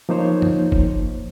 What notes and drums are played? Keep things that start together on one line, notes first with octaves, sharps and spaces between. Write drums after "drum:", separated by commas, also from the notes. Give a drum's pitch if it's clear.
F3 A#3 D#4 C5 C#5
drum: tom F#2
drum: kick F#1